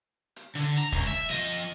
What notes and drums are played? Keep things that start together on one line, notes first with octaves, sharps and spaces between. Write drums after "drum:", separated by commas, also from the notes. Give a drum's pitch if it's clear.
drum: hi-hat
D3, drum: hi-hat
A#5
C#2, drum: kick E1, hi-hat
E5
F3 D#5, drum: hi-hat